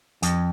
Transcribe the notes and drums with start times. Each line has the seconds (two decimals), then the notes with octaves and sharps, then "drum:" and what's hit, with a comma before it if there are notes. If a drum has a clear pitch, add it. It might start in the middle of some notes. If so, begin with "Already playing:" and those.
0.22 F2, drum: hi-hat